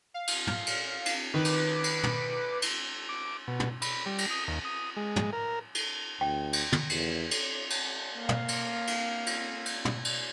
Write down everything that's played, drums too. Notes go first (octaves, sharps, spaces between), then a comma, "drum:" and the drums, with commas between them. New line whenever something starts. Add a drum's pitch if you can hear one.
F5
drum: cymbal
drum: tom
drum: cymbal
drum: cymbal
D#3 B4 D6
drum: cymbal
drum: cymbal
drum: tom
drum: cymbal
D6
B2
drum: tom
B5, drum: cymbal
G3
drum: cymbal
D#6
D#2
D#6
G#3
drum: tom
A#4
drum: cymbal
D2 G5
drum: cymbal
drum: tom
E2, drum: cymbal
drum: cymbal
drum: cymbal
A#3 F5
drum: tom
drum: cymbal
drum: cymbal
drum: cymbal
drum: cymbal
drum: tom
drum: cymbal